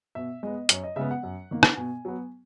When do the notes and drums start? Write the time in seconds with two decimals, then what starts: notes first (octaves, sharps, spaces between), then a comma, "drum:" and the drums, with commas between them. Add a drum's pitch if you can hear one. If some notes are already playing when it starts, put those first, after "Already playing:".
0.15 B2 E5
0.43 G#3 B3 D#5
0.69 F#2 C#5, drum: hi-hat
0.84 D#5
0.96 C#3 G#3 B3 E5
1.11 F#5
1.23 F#2
1.51 D#3 A#3
1.63 drum: rim click
1.77 B2 G#5
2.05 F#3 B3